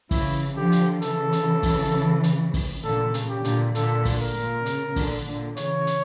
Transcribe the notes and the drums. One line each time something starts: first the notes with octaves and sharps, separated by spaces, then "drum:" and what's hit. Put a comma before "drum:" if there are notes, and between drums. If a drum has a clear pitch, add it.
C#3 E3 E4, drum: kick, open hi-hat
D3 F3 G4
drum: hi-hat
C#3 E3 A4, drum: hi-hat
drum: hi-hat
drum: kick, open hi-hat
drum: hi-hat
drum: kick, open hi-hat
A#2 D3 A4
C#3, drum: hi-hat
G4
A#2 D3, drum: hi-hat
A#2 D3 A4, drum: hi-hat
drum: kick, open hi-hat
A#4
A#2
C#3, drum: hi-hat
A#2 D3, drum: kick, open hi-hat
A#2 D3
C#3 E3 C#5, drum: hi-hat
drum: hi-hat